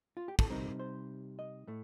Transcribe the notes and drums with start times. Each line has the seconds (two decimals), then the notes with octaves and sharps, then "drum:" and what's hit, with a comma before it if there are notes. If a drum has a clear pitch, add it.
0.17 F4
0.28 G4
0.39 A4, drum: kick
0.50 C3 G3 C4 D#4 A#4
0.79 C5
1.39 D#5
1.67 A2 A3